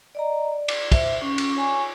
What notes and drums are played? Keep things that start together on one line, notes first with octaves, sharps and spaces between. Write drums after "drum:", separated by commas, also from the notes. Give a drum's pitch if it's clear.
D5 D#5 A#5
D5
drum: cymbal
C5 E5, drum: kick, cymbal
C#4 C#6
drum: cymbal
C#5 G#5 C#6